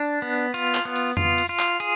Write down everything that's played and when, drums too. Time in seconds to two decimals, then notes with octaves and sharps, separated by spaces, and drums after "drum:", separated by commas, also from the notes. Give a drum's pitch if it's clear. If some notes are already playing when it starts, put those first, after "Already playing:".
Already playing: D4
0.22 B3
0.54 F4, drum: cymbal
0.75 drum: clap
0.85 B3
0.96 drum: cymbal
1.17 F4, drum: tom F2
1.38 drum: cymbal
1.49 F4
1.59 drum: clap
1.80 G#4, drum: cymbal